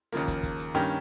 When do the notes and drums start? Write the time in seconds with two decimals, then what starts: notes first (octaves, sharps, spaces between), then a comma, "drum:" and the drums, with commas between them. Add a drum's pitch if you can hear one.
0.12 D#2 C#3 F3 A#3
0.28 drum: kick, hi-hat
0.43 drum: kick, hi-hat
0.59 drum: hi-hat
0.74 G2 D#3 A#3 C#4 G4